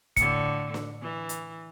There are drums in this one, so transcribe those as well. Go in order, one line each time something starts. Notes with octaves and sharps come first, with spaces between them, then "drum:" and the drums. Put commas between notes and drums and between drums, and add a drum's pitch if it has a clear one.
A2 D3 C#7, drum: kick, hi-hat
drum: snare
E3
drum: hi-hat